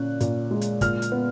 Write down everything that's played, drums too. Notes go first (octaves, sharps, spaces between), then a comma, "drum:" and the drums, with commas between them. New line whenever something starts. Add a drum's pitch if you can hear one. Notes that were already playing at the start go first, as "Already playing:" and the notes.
Already playing: A#2 C#4 F#6
A#2, drum: hi-hat
G#3
drum: hi-hat
A#2 F6, drum: kick, hi-hat
drum: hi-hat
B3